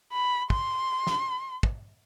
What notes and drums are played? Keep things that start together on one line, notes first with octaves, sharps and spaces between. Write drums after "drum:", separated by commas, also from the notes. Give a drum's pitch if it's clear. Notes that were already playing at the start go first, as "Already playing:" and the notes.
B5
C6, drum: kick
drum: snare
drum: kick